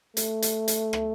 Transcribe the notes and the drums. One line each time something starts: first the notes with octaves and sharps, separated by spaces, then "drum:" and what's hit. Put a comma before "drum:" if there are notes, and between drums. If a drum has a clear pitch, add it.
A3, drum: hi-hat
drum: hi-hat
drum: hi-hat
drum: rim click